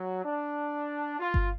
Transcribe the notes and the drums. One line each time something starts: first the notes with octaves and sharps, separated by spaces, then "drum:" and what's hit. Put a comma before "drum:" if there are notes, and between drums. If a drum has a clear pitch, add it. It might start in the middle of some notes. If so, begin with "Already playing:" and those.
Already playing: F#3
D4
F4
drum: kick G1